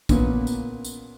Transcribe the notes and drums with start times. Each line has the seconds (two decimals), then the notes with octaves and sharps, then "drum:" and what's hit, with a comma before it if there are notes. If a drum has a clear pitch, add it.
0.09 A#2 C#3 A#3 B3, drum: kick A#1, tambourine
0.47 drum: tambourine
0.85 drum: tambourine